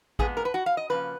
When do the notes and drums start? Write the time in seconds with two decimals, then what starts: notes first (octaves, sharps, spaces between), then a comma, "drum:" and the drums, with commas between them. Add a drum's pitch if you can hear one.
0.19 A#2 G#3 B3 G#4, drum: kick A1
0.37 A#4
0.45 B4
0.54 F#4
0.66 F5
0.77 D#5
0.89 C#3 F3 A#3 C#4 B4